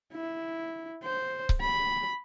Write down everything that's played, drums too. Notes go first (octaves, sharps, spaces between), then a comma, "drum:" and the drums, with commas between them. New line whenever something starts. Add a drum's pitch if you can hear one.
E4
C5
drum: kick C#1
B5